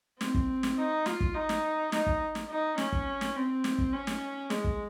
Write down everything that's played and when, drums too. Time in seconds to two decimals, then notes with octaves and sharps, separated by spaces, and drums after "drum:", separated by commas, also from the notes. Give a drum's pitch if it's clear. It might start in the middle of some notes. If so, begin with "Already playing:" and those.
0.21 C4, drum: snare
0.35 drum: kick
0.63 drum: snare
0.78 D#4
1.06 F4, drum: snare
1.20 drum: kick
1.34 D#4
1.49 drum: snare
1.92 D#4, drum: snare
2.06 drum: kick
2.35 drum: snare
2.50 D#4
2.78 C#4, drum: snare
2.92 drum: kick
3.21 drum: snare
3.35 C4
3.64 drum: snare
3.78 drum: kick
3.93 C#4
4.07 drum: snare
4.50 G#3, drum: snare
4.64 drum: kick